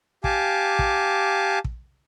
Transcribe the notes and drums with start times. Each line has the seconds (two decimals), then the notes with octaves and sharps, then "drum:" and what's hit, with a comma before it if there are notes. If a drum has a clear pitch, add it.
0.24 G4 F5 G#5 A5 D6, drum: kick
0.79 drum: kick
1.64 drum: kick